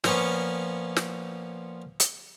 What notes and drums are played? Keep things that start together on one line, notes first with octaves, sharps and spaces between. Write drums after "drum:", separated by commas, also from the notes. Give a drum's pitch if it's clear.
A#2 F3 A#3 B3 C#4, drum: snare
drum: snare
drum: hi-hat